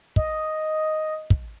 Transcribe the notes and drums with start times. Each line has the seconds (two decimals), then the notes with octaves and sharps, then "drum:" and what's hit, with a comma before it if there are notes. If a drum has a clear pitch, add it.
0.16 D#5, drum: kick
1.30 drum: kick